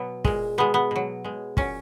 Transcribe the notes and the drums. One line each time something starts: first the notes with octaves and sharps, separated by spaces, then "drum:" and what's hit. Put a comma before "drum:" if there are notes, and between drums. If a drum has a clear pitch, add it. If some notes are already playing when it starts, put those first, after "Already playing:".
Already playing: B2 F#3 B3
A#2 G#3, drum: kick
B2 G#3 B3
B3
B2 F#3
B2 G#3
A#2 F#3 C#4, drum: kick